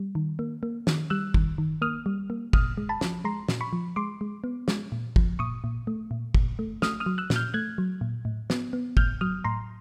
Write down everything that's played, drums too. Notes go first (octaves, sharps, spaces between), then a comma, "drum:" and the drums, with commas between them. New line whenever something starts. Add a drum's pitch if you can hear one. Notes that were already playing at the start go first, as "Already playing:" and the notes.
Already playing: G3
D#3
A#3
A#3
D#3, drum: snare
G3 E6 F#6
D#3, drum: kick
D#3
A#3 D#6 F6
G3
A#3
A#2 D#6 F6, drum: kick
G#3
A5 B5
F3, drum: snare
G#3 A#5 C6
A#2, drum: snare
B5 C#6
F3
G#3 C6 D6
G#3
B3
G#3, drum: snare
A#2
F3, drum: kick
A#2 C#6 D#6
A#2
A3
A#2
A#2, drum: kick
A3
A3 D#6 F6, drum: snare
D#6 F6
F#3
E6 F#6
A#2, drum: snare
F6 G6
A3 F#6 G#6
F#3
A#2
A2
B3, drum: snare
B3
A2 F6 G6, drum: kick
F#3 D#6 F6
A2 A#5 C6